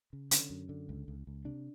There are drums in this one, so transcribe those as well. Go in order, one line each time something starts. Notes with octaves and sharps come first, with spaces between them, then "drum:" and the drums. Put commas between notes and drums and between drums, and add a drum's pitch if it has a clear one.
C#3
D3 C#4, drum: hi-hat
F#2
D3
C#2
C#2
C#2
C3 D4